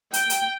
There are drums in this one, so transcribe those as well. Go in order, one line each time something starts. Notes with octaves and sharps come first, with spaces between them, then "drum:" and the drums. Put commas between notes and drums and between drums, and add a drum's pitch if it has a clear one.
G5, drum: hi-hat
drum: hi-hat